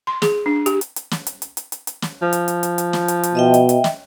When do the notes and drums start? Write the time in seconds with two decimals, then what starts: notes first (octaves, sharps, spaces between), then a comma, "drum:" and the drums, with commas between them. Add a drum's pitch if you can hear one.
0.07 C6
0.22 G#4, drum: snare
0.46 D4
0.66 G4, drum: hi-hat
0.81 drum: hi-hat
0.96 drum: hi-hat
1.11 drum: snare
1.27 drum: hi-hat
1.42 drum: hi-hat
1.57 drum: hi-hat
1.72 drum: hi-hat
1.87 drum: hi-hat
2.02 drum: snare
2.22 F3
2.33 drum: hi-hat
2.48 drum: hi-hat
2.63 drum: hi-hat
2.78 drum: hi-hat
2.93 drum: snare
3.08 drum: hi-hat
3.23 drum: hi-hat
3.35 B2 D#5 E5 G5
3.54 drum: hi-hat
3.69 drum: hi-hat
3.84 drum: snare